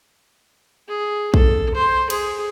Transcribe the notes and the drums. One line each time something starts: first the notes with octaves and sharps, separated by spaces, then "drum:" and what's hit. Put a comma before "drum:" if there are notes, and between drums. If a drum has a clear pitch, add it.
G#4
A4, drum: kick A#1
C5
G#4, drum: cymbal